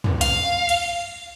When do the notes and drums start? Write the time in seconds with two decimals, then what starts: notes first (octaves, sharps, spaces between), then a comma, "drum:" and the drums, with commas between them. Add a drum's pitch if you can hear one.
0.04 drum: tom
0.21 F5, drum: hi-hat
0.69 drum: cymbal